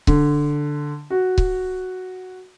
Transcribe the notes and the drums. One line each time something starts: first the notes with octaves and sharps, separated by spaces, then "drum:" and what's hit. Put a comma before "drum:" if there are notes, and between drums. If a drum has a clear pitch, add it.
D3, drum: kick C#1
F#4
drum: kick C#1